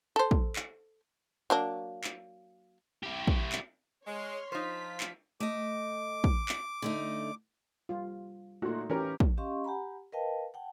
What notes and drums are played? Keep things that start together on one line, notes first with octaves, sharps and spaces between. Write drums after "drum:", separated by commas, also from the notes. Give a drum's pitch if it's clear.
A4 C5
drum: kick
drum: clap
F#3 A#3 D4
drum: clap
E4 G4
drum: kick
drum: clap
G#3 C#5 C6 F6
F3 D#4 F4 C5 B6
drum: clap
A3 D#5 D6
drum: kick
drum: clap
D3 A3 D#4
G3 F4
A#2 A3 D#4 F#4
E3 C#4 G4 A#4
drum: kick
C#4 G4 D#5 F5 C6 C#6
G4 F#5 G#5 A#5 B5
A#4 B4 D#5 F5 G5 A5
F#5 G5 A5